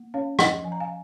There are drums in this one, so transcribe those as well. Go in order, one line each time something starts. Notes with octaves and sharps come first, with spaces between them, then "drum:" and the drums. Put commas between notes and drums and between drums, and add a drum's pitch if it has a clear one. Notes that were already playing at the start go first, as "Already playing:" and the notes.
Already playing: A#3
C#4 C#5 F5
F3 D#5 G5, drum: rim click
F3 G#5
A#5
F5 G#5